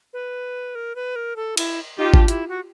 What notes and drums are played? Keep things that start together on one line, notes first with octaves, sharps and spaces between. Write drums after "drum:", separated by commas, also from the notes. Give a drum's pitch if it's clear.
B4
A#4
B4
A#4
A4
E4, drum: cymbal
D#4 F4 G4
D4, drum: kick G#1
E4, drum: hi-hat
F#4